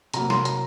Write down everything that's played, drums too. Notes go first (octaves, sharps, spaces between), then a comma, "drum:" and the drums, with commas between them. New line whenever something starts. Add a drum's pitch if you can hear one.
C3 F#3 A#3 A#5, drum: hi-hat
C6, drum: snare
A#5, drum: hi-hat